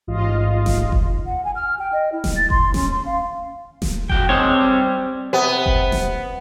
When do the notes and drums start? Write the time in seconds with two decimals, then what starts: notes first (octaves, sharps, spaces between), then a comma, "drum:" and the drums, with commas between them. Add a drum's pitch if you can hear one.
0.07 A1 G#2 F4 D#5 F5
0.66 drum: snare D#1
0.92 drum: kick F#1
1.26 F#5
1.44 G#5
1.55 F6
1.79 G5
1.93 D#5
2.12 E4
2.24 drum: snare D#1
2.36 A6
2.50 C6, drum: kick F#1
2.74 C#4, drum: snare D#1
2.91 C6
3.06 F5
3.82 drum: snare D#1
4.10 F2 F#4 G5, drum: kick F#1
4.29 D#3 G#3 C4 D4 C#5
4.61 G3
5.33 C3 B3
5.66 drum: kick F#1
5.92 drum: snare D#1